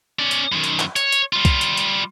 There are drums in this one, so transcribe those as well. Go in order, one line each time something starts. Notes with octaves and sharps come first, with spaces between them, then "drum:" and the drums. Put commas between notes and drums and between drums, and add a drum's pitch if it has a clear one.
C#4 D5
drum: hi-hat
F#2 D#3
drum: hi-hat
drum: clap
C#5, drum: hi-hat
drum: hi-hat
G3 F4
drum: kick, hi-hat
drum: hi-hat
drum: hi-hat